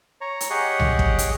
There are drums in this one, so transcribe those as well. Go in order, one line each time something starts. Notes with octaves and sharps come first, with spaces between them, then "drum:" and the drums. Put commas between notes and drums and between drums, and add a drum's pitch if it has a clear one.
C#5 A#5
drum: hi-hat
G4 G#4 C#5 D#5 F#5
drum: tom C2
drum: kick
drum: hi-hat